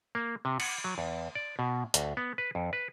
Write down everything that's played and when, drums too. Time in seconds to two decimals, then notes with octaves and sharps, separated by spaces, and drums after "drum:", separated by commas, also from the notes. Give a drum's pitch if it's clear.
0.15 A#3
0.45 C3
0.60 F#5, drum: cymbal
0.84 F#3
0.98 E2
1.35 D5
1.59 B2
1.94 D2, drum: hi-hat
2.17 B3
2.38 B4
2.55 F2
2.73 B4